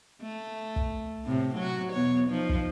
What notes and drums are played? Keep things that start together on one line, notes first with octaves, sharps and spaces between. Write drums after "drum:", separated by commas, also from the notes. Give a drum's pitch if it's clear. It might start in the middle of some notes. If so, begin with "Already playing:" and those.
A3
drum: kick
A2 C3
F#3 F#4
E2 B2 C#5
F3 D#4
drum: kick